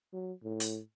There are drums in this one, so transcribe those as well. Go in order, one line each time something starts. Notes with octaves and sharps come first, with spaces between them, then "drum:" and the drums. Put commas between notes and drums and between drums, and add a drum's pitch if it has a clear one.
F#3
A2
drum: hi-hat